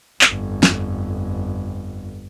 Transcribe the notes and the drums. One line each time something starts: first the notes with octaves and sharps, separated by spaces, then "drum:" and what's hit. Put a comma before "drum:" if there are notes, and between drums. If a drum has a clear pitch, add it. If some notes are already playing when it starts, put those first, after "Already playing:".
G1 F2, drum: clap
drum: snare